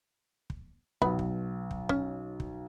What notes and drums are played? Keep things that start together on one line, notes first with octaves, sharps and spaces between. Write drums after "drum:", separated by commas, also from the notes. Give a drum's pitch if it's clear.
drum: kick
B1 B3 B5, drum: kick
drum: kick
drum: kick
C#4, drum: kick
drum: kick